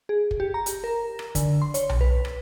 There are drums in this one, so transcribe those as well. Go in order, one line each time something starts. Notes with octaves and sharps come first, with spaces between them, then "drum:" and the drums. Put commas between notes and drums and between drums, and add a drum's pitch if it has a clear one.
G#4
drum: kick
G4
A#5
drum: hi-hat
A#4
drum: rim click
D3, drum: kick, hi-hat
C6
C#5, drum: hi-hat
drum: tom B1
B4
drum: rim click